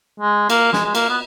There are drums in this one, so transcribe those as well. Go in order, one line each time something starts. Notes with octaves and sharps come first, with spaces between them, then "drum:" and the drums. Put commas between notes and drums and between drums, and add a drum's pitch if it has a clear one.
G#3
A#3, drum: cymbal
G#3, drum: snare
G#3
A#3, drum: cymbal
B3